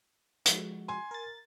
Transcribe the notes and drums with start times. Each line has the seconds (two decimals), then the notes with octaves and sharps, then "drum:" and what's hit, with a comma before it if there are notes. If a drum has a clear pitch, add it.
0.46 F3 G#3 F#4, drum: hi-hat
0.88 G#5 C6
1.11 A#4 A6